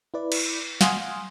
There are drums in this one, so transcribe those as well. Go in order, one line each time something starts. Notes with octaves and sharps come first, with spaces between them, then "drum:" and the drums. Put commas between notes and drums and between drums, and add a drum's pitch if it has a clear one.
E4 B4 D5
drum: cymbal
F5 F#5 G#5 C6 D#6, drum: snare